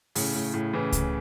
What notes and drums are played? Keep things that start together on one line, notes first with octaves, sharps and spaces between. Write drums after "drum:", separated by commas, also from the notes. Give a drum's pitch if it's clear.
A2 C#3, drum: open hi-hat
A2
A2
C#3 E3
drum: kick C#2, hi-hat